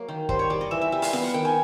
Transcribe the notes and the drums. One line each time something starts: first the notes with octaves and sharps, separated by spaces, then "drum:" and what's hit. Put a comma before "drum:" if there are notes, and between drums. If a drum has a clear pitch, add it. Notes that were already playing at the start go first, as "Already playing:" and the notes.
Already playing: F#3 A#3 C#5
D#3
G3 C5, drum: kick G1
C#5
G3 D5
D#5
E3 E5
E5
G3 E5
F5, drum: open hi-hat
B3 F5, drum: snare F4
F#5
D#3 G5
G#5